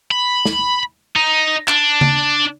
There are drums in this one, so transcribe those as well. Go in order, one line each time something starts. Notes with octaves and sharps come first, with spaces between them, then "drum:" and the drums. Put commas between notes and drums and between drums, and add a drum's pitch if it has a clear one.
B5
drum: snare
D#4
D4, drum: clap
drum: tom C#3